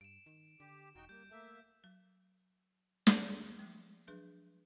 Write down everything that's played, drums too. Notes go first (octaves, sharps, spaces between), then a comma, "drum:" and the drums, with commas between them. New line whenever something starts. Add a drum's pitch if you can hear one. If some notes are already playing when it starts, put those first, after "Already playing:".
G2 D7 E7
D#3
D3 G4
E1 D#4 F#4 G5
G3 A#3 G6
A3 A#3 E5
F#3
drum: snare
F#3 G#4
F3 G#3
F3 F#3 D4 G#4 B4